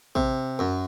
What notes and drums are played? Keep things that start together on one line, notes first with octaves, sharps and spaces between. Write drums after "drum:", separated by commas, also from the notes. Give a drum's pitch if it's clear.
C3, drum: kick A1
F#2